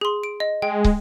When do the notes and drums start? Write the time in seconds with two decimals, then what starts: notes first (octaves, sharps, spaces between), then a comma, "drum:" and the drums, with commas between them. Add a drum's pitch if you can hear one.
0.01 G#4 C6
0.23 D7
0.40 D#5
0.62 G#3 G5
0.84 drum: kick